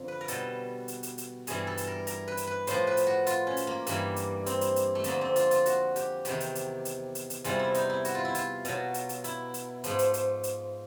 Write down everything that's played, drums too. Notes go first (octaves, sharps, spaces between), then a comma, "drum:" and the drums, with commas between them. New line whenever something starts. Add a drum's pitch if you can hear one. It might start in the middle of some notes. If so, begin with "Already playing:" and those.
Already playing: F2 D3 F3
B4
A#4
B2 G3 A4, drum: hi-hat
drum: hi-hat
drum: hi-hat
drum: hi-hat
G2 E3 G3 G#4, drum: hi-hat
A4
drum: hi-hat
A#4
A#4, drum: hi-hat
B4
drum: hi-hat
B4
A2 F3 C5, drum: hi-hat
B4
drum: hi-hat
F#4
F4, drum: hi-hat
C#4
drum: hi-hat
A#3
G2 E3 G3 A#3, drum: hi-hat
drum: hi-hat
C4, drum: hi-hat
drum: hi-hat
drum: hi-hat
A3
F2 D3 F3 A#3, drum: hi-hat
C4
F4, drum: hi-hat
F4, drum: hi-hat
F#4, drum: hi-hat
G4, drum: hi-hat
E2 C3 D#3 G4, drum: hi-hat
drum: hi-hat
drum: hi-hat
drum: hi-hat
drum: hi-hat
drum: hi-hat
E2 C3 E3 G3 F4, drum: hi-hat
E4
D#4, drum: hi-hat
E4
F#4, drum: hi-hat
F4
E4
F4, drum: hi-hat
B2 F#3, drum: hi-hat
drum: hi-hat
drum: hi-hat
E4, drum: hi-hat
drum: hi-hat
G#2 F3, drum: hi-hat
drum: hi-hat
drum: hi-hat
drum: hi-hat